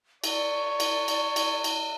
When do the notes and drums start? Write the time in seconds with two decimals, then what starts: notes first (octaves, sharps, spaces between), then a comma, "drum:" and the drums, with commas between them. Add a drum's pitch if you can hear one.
0.24 C#5 D5, drum: cymbal
0.80 drum: cymbal
1.08 drum: cymbal
1.36 drum: cymbal
1.64 drum: cymbal